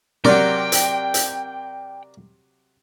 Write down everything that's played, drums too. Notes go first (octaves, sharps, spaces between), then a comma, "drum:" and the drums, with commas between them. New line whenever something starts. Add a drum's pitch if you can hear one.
C3 F#3 A#4 D5 G5
drum: hi-hat
drum: hi-hat